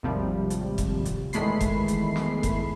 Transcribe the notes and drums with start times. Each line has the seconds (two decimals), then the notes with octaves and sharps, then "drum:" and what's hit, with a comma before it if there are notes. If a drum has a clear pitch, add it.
0.03 G#1 D#2 C3 F3 G3
0.50 drum: hi-hat
0.78 drum: kick F1, hi-hat
1.05 drum: hi-hat
1.33 E2 D#3 G#3 A3 B5 C7, drum: hi-hat
1.61 drum: kick F1, hi-hat
1.88 drum: hi-hat
2.16 drum: snare
2.43 drum: kick F1, hi-hat